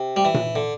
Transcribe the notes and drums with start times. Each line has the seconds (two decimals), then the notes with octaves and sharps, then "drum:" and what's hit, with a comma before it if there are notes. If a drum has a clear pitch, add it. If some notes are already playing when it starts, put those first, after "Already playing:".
Already playing: C3
0.16 G3
0.25 E3
0.34 drum: tom A#2
0.56 D3